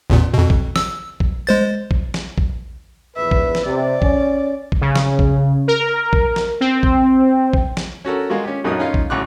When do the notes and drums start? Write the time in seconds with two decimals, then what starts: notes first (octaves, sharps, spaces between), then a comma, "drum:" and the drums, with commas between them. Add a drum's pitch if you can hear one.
0.10 A1 E2 A#2
0.34 F2 B2
0.50 drum: kick A#1
0.76 E6, drum: snare
1.20 drum: kick A#1
1.47 G#3 C5 A6
1.91 drum: kick A#1
2.14 drum: snare
2.38 drum: kick A#1
3.17 A#1 E2 B4 E5
3.31 drum: kick A#1
3.55 drum: snare
3.66 C3 D5
4.02 C#4, drum: kick A#1
4.72 drum: kick A#1
4.81 C#3
4.96 drum: snare
5.19 drum: kick A#1
5.68 A#4
6.13 drum: kick A#1
6.36 drum: snare
6.61 C4
6.83 drum: kick A#1
7.53 drum: kick A#1
7.77 drum: snare
8.05 C#4 F#4 A4 A#4
8.30 G#3 A#3 F4 F#4
8.45 C#4 G4
8.64 A#1 F#2 D#4 F#4 A#4 D#6
8.79 C#4 D#4 F4 F5
8.94 drum: kick A#1
9.10 A1 D2 C#6 D6 F#6